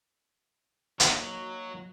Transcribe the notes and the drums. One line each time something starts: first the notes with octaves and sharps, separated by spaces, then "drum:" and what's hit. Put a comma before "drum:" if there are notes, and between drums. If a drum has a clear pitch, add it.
F#3 A#3 D#4, drum: hi-hat